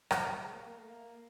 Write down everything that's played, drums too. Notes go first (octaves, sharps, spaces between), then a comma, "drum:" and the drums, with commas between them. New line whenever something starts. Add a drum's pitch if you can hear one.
F#3, drum: rim click
G3
G#3
A#3
A#3
A3
A#3